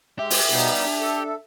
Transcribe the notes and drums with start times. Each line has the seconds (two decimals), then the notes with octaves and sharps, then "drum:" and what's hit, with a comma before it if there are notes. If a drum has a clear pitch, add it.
0.19 G#2 G#3 G4 E5
0.30 drum: open hi-hat
0.51 B2 G3 B3 D#4
0.76 D4
1.00 A4